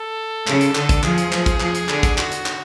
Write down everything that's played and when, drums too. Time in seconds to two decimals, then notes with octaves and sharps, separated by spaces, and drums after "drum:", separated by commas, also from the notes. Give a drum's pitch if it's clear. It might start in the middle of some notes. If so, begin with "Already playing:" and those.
Already playing: A4
0.47 C#3, drum: clap
0.61 drum: hi-hat
0.75 D3, drum: clap
0.89 drum: kick, hi-hat
1.03 F3 G#4, drum: clap
1.18 drum: hi-hat
1.32 F3, drum: clap
1.46 drum: kick, hi-hat
1.60 F3, drum: clap
1.75 drum: hi-hat
1.89 D3, drum: clap
2.03 drum: kick, hi-hat
2.18 F#4, drum: clap
2.32 drum: hi-hat
2.46 drum: clap